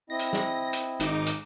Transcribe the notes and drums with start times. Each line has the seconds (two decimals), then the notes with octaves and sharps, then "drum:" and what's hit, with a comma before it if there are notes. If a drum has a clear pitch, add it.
0.10 C4 E4 D#5 A#6
0.19 drum: hi-hat
0.33 drum: snare
0.73 drum: hi-hat
1.00 G#1 D#4 D6, drum: hi-hat
1.26 drum: hi-hat